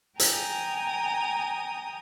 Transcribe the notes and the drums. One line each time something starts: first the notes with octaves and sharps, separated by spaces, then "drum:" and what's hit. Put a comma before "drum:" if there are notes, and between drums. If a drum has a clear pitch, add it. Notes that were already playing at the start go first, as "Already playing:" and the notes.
G5 G#5 A#5 D#6, drum: hi-hat